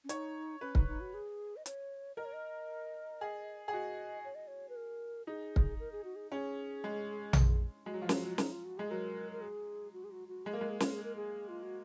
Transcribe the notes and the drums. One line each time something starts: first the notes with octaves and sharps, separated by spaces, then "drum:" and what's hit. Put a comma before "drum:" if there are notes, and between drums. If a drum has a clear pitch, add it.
C#4
D#4 C#5, drum: hi-hat
C#4 B4
D#4, drum: kick
D#4
F#4
G#4
D#5
C#5, drum: hi-hat
A#4 D#5
C#5
D#5
G#4
G#4
F#4 D#5
C#5
D#5
C#5
B4
A#4
D#4 G#4
drum: kick
A#4
G#4
F#4
G#4
C#4 G#4
G#3
drum: tom A#1
G#3 F#4
F#3
F3
F#3, drum: snare
D#4, drum: snare
F4
F#4
G#3 G#4
F#3 A#4
A#4
G#4
F#4
G#4
F#4
F#4
G#3 G#4
A#3
G#3 A#4
G#4
A#4, drum: snare
G#4
A#4
G#4
F4
F#4